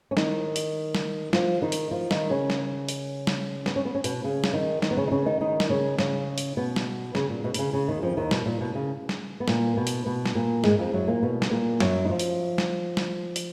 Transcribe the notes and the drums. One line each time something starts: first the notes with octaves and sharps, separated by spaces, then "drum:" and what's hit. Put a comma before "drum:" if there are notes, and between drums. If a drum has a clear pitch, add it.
C#4
D#3 D#4, drum: snare
drum: hi-hat
drum: snare
F3 F4, drum: snare
D#3 D#4
drum: hi-hat
F3 F4
D#3 D#4, drum: snare
C#3 C#4
drum: snare
drum: hi-hat
drum: snare
B3, drum: snare
C#4
B3
C#4
B2 B3, drum: hi-hat
C#3 C#4
drum: snare
D#3 D#4
D#3 D#4, drum: snare
B3
C#3 C#4
D#4
C#3 C#4
D#3 D#4
D#3 D#4
drum: snare
C#3 C#4
C#3 C#4, drum: snare
drum: hi-hat
B2 B3
drum: snare
C#3, drum: snare
A#2
B2
B2, drum: hi-hat
C#3
C#3
D#2 D#3
F2 F3
D#2 D#3
B2, drum: snare
A#2
B2
C#3
drum: snare
B3
A#2 A#3, drum: snare
B2 B3
drum: hi-hat
B2 B3
drum: snare
A#2 A#3
G#2 G#3, drum: snare
F2 F3
F#2 F#3
A#2 A#3
B2 B3
drum: snare
A#2 A#3
F#2 F#3, drum: snare
D#4
F3 F4
drum: hi-hat
drum: snare
drum: snare
drum: hi-hat